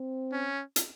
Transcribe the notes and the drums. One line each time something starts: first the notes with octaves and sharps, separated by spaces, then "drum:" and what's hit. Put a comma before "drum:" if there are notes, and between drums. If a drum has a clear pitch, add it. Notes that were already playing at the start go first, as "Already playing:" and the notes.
Already playing: C4
C#4
drum: hi-hat